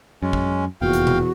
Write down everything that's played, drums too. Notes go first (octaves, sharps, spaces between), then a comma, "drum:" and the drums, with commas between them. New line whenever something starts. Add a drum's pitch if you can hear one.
F#2 G#3 C#4
drum: kick
F1 E2 A#2 F#4 F5 G5
drum: hi-hat
drum: tom B2